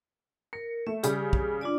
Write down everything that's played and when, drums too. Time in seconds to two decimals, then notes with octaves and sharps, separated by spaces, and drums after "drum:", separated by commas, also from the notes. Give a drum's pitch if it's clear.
0.53 A#4 C#7
0.87 A3 E5
1.03 C#3 G3 G4, drum: hi-hat
1.33 drum: kick
1.61 D4 F4 D5